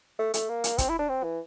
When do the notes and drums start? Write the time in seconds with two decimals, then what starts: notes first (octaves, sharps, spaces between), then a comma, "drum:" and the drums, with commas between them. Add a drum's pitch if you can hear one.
0.19 A3
0.34 A3, drum: hi-hat
0.49 A#3
0.64 drum: hi-hat
0.78 C4, drum: kick, hi-hat
0.89 E4
0.99 D4
1.09 C4
1.24 E3